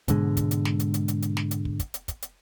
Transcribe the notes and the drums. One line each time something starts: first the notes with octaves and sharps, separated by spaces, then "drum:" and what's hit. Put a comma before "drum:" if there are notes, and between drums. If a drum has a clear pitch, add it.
G#2 B2 D3 G#3, drum: kick, hi-hat
drum: kick, hi-hat
drum: hi-hat
drum: snare
drum: hi-hat
drum: hi-hat
drum: hi-hat
drum: hi-hat
drum: snare
drum: hi-hat
drum: kick
drum: kick, hi-hat
drum: hi-hat
drum: kick, hi-hat
drum: hi-hat